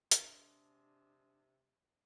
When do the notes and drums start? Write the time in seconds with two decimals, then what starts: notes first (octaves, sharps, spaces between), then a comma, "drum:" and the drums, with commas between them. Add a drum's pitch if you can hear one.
0.11 C3 G#3 D4, drum: hi-hat